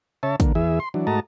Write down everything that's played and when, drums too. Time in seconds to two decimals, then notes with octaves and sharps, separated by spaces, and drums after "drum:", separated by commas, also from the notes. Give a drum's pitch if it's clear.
0.23 C#3 C#5 E5 A5
0.40 D3 A#3, drum: kick, hi-hat
0.55 E2 E3 G#4 E5
0.80 C6
0.94 E3 F#3 D4
1.07 G#2 A3 F#4 D#5 A5 A#5